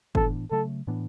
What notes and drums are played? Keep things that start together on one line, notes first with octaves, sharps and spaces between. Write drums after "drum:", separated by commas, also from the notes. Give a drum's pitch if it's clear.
A2 E3 B3 D4 A4, drum: kick F#1
C#3 F#3 A3 A4
A2 E3 B3 D4